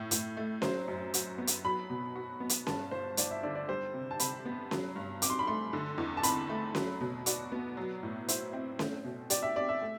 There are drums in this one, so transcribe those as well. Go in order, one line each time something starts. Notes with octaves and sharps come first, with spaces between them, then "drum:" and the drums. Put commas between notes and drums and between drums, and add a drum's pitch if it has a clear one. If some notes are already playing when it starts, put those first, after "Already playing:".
Already playing: A2
A2, drum: hi-hat
A3
F#3 C5, drum: snare C#4
F#2
F#4, drum: hi-hat
B3
drum: hi-hat
F#3 B5
B2
F#4
B3
drum: hi-hat
G2 A5, drum: snare C#4
G1 C5
G1 D5, drum: hi-hat
E5
D3 D5
D5
G3 C5
C3
A5
C3 B5, drum: hi-hat
B3
F#3, drum: snare C#4
G2
C4 D6, drum: hi-hat
C6
B5
A3 C6
D3
E2
A5
C4 B5, drum: hi-hat
A3
F#3, drum: snare C#4
B2
F#4 D5, drum: hi-hat
B3
F#3
A2
E4 C5, drum: hi-hat
C4
A3, drum: snare C#4
B2
G4 D5, drum: hi-hat
E5
C4 D5
E5
A3